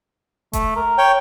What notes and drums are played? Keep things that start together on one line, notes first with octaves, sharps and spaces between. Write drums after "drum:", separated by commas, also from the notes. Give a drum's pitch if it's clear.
A3, drum: kick E1, hi-hat
A#4
C#5 G5